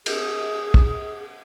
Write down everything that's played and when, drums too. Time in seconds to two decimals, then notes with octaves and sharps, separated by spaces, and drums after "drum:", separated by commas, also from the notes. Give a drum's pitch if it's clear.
0.06 G#4, drum: cymbal
0.74 drum: kick